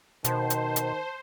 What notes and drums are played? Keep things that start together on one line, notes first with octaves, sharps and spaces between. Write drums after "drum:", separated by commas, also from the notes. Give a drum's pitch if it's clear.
B2 D#3 C5 A5, drum: hi-hat
drum: hi-hat
drum: hi-hat